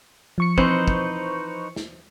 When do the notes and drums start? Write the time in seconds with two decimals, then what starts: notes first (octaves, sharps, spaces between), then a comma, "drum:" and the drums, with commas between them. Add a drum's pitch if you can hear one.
0.38 F3 C#6 C#7
0.58 E3 C4 D#4 B4 C5, drum: kick
0.88 drum: kick
1.76 drum: snare